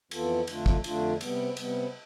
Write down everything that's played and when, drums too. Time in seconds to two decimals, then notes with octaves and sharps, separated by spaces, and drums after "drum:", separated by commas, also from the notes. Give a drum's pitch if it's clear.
0.11 F2 E3 B3 F4 A4, drum: cymbal
0.47 F2 D3 A3 D4 F4, drum: cymbal
0.66 drum: kick
0.84 F2 D3 A3 D4 F4, drum: cymbal
1.21 C3 G3 B3, drum: cymbal
1.57 C3 G3 B3, drum: cymbal